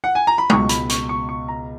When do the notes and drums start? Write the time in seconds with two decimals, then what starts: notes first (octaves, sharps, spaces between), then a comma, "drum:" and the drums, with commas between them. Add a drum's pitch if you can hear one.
0.04 F#5
0.15 G#5
0.27 A#5
0.38 B5
0.50 C#2 B2 C#6, drum: tom G#3
0.69 B5, drum: hi-hat
0.90 C#6, drum: hi-hat
1.09 C#6
1.29 C#6
1.48 A#5